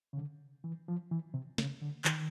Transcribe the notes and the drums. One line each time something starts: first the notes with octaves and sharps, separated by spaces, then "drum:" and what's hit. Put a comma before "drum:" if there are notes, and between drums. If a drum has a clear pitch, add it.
C#3
D3
E3
F3
E3
C3
C#3, drum: snare
D3
D#3, drum: clap